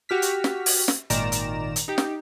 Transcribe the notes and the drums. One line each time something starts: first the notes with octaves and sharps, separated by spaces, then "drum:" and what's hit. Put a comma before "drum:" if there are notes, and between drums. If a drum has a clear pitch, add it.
F#4 G4 F6 B6
drum: hi-hat
drum: snare
drum: open hi-hat
drum: snare
G#1 A#2 D#3 D5 A#5 E7, drum: hi-hat
drum: hi-hat
drum: hi-hat
D#4 G4
drum: snare